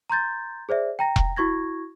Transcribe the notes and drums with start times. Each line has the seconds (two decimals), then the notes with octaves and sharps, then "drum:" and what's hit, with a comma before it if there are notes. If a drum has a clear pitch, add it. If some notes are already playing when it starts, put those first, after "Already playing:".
0.10 A#5 C6 G6 A6
0.69 G#4 C5 D5 E5
0.99 G5 A#5 A#6
1.16 drum: kick E1
1.36 E4 F#4 C#6 G#6 A#6